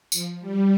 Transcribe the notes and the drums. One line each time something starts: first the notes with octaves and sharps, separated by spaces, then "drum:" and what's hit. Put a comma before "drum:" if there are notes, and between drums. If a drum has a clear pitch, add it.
F3, drum: tambourine
G3